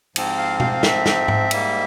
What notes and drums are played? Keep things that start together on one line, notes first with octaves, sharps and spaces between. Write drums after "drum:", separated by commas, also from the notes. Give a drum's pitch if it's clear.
G#2 F3 C4, drum: cymbal
F5
F5, drum: tom B2
F5
E5, drum: snare
drum: snare
drum: tom G#2
G#2 G3 A#3, drum: cymbal